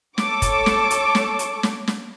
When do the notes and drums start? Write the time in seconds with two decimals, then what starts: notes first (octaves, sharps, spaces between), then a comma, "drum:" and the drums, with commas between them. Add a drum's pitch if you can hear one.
0.18 A4 C#5 D6, drum: snare
0.42 drum: kick, hi-hat
0.66 drum: snare
0.90 drum: hi-hat
1.15 drum: snare
1.39 drum: hi-hat
1.63 drum: snare
1.88 drum: snare